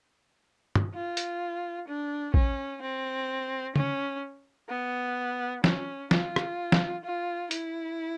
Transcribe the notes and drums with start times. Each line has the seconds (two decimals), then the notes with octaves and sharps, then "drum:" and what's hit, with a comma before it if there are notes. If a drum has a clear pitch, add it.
0.75 drum: tom
0.94 F4
1.17 drum: hi-hat
1.88 D4
2.34 C#4, drum: kick
2.82 C4
3.76 C#4, drum: tom C#3
4.69 B3
5.64 C#4, drum: snare
6.11 F4, drum: snare
6.36 drum: rim click
6.72 drum: snare
7.04 F4
7.51 E4, drum: hi-hat